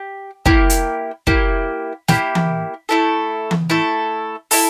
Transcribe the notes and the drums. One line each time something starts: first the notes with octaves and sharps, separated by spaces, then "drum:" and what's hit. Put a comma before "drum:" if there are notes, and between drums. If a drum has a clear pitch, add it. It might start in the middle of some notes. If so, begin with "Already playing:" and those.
Already playing: G4
A#3 E4 G4, drum: kick
drum: hi-hat
A#3 E4 G4, drum: kick
A#3 E4 G4, drum: snare
drum: tom E3
A3 E4 A4
drum: tom E3
A3 E4 A4
E4 A4, drum: open hi-hat